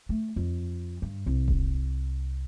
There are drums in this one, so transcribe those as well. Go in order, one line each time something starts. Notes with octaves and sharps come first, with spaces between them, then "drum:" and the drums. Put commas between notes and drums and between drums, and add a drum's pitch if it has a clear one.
A3
F2
G2
C2
drum: kick D#1